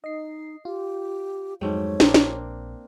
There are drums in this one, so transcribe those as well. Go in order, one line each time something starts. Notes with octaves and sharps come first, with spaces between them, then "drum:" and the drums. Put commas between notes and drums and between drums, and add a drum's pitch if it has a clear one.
D#4 D#5 C7
F4 G4
F2 G#2 F#3 G#3 A3 C#5 G5
A#1 A#3 C4 D4, drum: snare
drum: snare